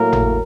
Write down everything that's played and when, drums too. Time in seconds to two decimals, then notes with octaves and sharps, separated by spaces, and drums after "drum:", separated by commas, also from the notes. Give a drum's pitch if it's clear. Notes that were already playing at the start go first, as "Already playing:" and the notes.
Already playing: A2 F#3 A#3 A#4
0.13 drum: tom G#1